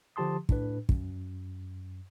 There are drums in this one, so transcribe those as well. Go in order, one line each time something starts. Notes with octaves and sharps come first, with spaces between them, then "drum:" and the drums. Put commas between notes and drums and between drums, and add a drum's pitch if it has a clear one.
D3 F3 G4 A5 C6 D#6
A2 D4 B4, drum: kick
F#2, drum: kick